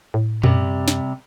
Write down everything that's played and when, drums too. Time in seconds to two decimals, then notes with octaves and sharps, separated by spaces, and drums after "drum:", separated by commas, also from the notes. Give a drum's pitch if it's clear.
0.14 A2
0.43 F#2 C3 G3, drum: tom A#2
0.88 drum: snare